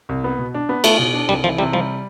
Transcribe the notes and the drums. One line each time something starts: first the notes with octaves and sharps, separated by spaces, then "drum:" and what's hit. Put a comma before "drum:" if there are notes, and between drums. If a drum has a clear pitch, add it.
C2
B3
B2
D4
B3
A3 F4, drum: cymbal
B2
D4
C2 G3
E3 F3
C3 G3
F3 G3